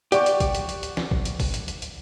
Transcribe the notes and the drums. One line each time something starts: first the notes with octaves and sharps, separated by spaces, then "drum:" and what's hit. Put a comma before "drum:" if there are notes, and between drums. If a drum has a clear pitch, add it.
G4 D5 F#5 C#6, drum: hi-hat
drum: hi-hat
drum: kick, hi-hat
drum: hi-hat
drum: hi-hat
drum: hi-hat
drum: snare
drum: kick
drum: hi-hat
drum: kick, open hi-hat
drum: hi-hat
drum: hi-hat
drum: hi-hat